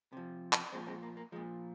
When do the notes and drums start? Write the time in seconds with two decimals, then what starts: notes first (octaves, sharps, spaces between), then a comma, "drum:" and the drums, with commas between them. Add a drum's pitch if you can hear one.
0.13 C3 F3
0.53 drum: clap
0.72 A#2 F3 G#3 C4
0.87 G#3 C4
1.03 A#3
1.17 A#3
1.32 A#2 F3 G#3